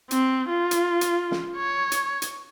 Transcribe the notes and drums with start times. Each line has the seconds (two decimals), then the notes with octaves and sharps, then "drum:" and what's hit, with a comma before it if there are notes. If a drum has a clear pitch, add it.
0.11 C4, drum: hi-hat
0.49 F4
0.71 drum: hi-hat
1.01 drum: hi-hat
1.31 drum: snare
1.56 C#5
1.92 drum: hi-hat
2.22 drum: hi-hat